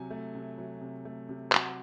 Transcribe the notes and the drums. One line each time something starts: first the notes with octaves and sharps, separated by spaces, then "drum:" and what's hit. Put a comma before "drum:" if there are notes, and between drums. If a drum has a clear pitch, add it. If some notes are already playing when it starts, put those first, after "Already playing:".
Already playing: C3 F#3 G#5
A3
C3
F#3
C3
A3
C3
F#3 F#5, drum: clap